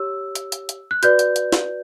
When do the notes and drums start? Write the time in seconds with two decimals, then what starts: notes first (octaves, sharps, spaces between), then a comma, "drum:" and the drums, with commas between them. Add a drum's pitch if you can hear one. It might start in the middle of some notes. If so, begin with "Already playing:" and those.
Already playing: G4 C#5 E6
0.35 drum: hi-hat
0.52 drum: hi-hat
0.69 drum: hi-hat
0.91 F#6
1.03 F#4 B4 D5 G6, drum: hi-hat
1.19 drum: hi-hat
1.36 drum: hi-hat
1.53 drum: snare